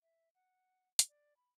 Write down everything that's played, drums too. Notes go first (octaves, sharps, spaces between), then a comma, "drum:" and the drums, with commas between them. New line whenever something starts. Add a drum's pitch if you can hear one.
E5
F#5
drum: hi-hat
D5
B5